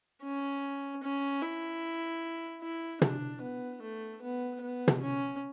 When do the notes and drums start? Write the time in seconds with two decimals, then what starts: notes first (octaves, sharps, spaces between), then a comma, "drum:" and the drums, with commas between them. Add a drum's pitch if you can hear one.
0.23 C#4
1.03 C#4
1.42 E4
2.62 E4
3.02 D4, drum: tom
3.41 B3
3.82 A3
4.22 B3
4.61 B3
4.88 drum: tom
5.02 C#4